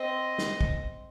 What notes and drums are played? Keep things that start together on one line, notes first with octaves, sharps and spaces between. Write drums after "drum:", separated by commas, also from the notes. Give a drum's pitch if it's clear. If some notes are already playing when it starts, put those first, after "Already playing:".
Already playing: C4 D#5
drum: snare
drum: kick